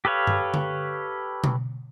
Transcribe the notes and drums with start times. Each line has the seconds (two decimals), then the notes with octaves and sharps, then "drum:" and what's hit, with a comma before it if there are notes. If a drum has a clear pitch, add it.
0.05 G4 A4 B4 C#5 F5
0.27 drum: tom G2
0.54 drum: tom D3
1.44 drum: tom B2